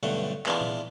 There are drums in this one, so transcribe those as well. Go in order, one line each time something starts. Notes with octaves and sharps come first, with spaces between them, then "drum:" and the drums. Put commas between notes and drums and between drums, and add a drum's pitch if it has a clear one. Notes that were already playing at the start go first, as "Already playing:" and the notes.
B1 G2 D3 A3 F#5
E3 G#3 B3 D4 F4, drum: clap
drum: tom A#2